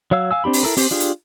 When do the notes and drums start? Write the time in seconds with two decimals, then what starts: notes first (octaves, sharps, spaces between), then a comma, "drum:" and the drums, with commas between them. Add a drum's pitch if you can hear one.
0.11 F#3 C#5 F5 E6
0.31 F5 G#5 E6
0.44 C4 D4 G4 B5
0.53 drum: open hi-hat
0.63 E4 A4 A#4
0.77 C4 G4 C5, drum: open hi-hat
0.91 D4 F4 G4 G#4
1.00 drum: hi-hat